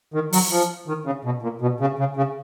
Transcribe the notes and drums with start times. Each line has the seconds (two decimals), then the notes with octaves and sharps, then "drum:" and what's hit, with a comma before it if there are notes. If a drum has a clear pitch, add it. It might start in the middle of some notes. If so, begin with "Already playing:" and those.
0.14 D#3
0.33 F#3, drum: open hi-hat
0.51 F3
0.88 D#3
1.05 C#3
1.25 B2
1.42 A#2
1.61 B2
1.80 C#3
1.99 C#3
2.17 C#3